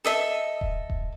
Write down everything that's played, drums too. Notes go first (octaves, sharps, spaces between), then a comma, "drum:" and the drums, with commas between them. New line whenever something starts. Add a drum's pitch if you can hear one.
A4 D#5 E5
drum: kick D#1
drum: kick D#1